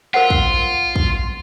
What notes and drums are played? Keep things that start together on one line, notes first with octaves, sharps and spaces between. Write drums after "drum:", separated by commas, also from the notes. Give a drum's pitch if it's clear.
F4 A#4 C5 F#5
drum: kick
drum: kick